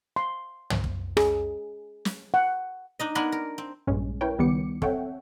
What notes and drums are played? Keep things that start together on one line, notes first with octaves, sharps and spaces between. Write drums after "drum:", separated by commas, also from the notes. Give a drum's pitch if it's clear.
C6
drum: tom
drum: kick
G#4, drum: rim click
drum: snare
F#5
D4 D#4 D#5
B3 D4 A#4 B4 G#5 C6
A#4
C4
A#1 G2 G#3 C#4
E4 A#4 B4 C#5 G5
C#2 D#3 G3 B3 D6 C#7
C4 A4 C#5 E5 F#5 G5, drum: kick